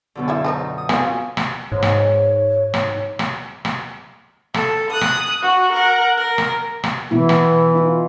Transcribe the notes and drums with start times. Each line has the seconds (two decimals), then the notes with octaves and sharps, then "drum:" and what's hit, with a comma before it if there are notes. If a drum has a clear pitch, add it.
0.15 F#2 B2 D3
0.28 G#3 E4 E5
0.44 F3 D4 D#4
0.78 D#6
0.89 B2 C4 F4 G#5, drum: rim click
1.37 drum: rim click
1.72 G#2 C#5
1.82 drum: rim click
2.74 drum: rim click
3.19 drum: rim click
3.65 drum: rim click
4.54 A4, drum: rim click
4.90 D#6 F#6
5.01 drum: rim click
5.42 F#4
5.72 A#4 F#5
6.17 A#4
6.38 drum: rim click
6.84 drum: rim click
7.11 B2 E3 B3 E4
7.29 drum: rim click
7.75 D#4 F4